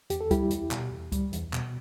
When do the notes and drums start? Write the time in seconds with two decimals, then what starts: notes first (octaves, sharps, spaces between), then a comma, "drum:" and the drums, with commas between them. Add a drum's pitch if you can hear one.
0.10 E2 G4, drum: hi-hat
0.21 A4
0.31 G3 E4 G4, drum: kick C#2, hi-hat
0.50 E2, drum: hi-hat
0.71 B2, drum: clap
0.91 E2
1.12 G3, drum: kick C#2, hi-hat
1.33 E2, drum: hi-hat
1.53 B2, drum: clap